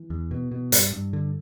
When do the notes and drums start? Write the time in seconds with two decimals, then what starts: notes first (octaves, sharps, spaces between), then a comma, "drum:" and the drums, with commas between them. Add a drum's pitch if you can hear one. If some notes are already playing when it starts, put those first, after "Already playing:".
Already playing: E3
0.10 E2
0.31 B2
0.51 B2
0.72 G2, drum: hi-hat
0.93 G2
1.13 D3